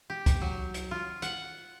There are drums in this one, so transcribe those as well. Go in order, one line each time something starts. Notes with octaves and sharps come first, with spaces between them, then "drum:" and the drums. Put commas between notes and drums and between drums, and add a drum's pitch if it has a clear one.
G4
drum: kick C2, hi-hat
F#3
drum: hi-hat
F4
F#5, drum: hi-hat